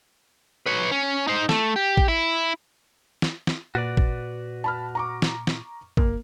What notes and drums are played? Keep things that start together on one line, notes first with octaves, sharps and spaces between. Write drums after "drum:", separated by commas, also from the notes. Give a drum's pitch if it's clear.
B4 C#5
C#4
D#4 C5
A3, drum: snare
G4
drum: kick A1
E4
drum: snare
drum: snare
A#2 F#4 B4 D5 A6
drum: kick A1
A5 B5 F6
A#5 C#6 D6
drum: snare
drum: snare
F#1 A#3, drum: kick A1